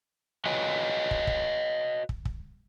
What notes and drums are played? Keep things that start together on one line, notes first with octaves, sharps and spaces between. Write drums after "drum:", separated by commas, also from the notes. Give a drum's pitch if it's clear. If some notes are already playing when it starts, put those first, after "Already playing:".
F#4 B4 C#5 D#5 G5 G#5
drum: kick
drum: kick
drum: kick
drum: kick